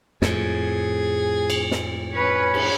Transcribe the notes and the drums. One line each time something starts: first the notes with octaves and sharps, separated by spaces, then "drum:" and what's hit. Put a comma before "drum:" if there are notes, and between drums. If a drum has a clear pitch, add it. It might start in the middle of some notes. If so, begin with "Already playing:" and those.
F2 A2 G#4, drum: snare
drum: cymbal
drum: snare
C#4 B4 C#5
drum: cymbal